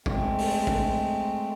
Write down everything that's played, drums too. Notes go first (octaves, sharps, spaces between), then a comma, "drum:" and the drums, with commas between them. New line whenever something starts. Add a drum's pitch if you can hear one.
G#3 A3 C4, drum: kick
drum: open hi-hat
drum: kick